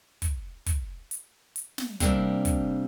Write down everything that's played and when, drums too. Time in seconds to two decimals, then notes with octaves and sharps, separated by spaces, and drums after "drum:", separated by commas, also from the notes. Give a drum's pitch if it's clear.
0.22 drum: kick, hi-hat
0.66 drum: kick, hi-hat
1.11 drum: hi-hat
1.56 drum: hi-hat
1.78 drum: snare
2.00 C3 F3 G3 A#3 C4 D4, drum: kick, hi-hat
2.45 drum: kick, hi-hat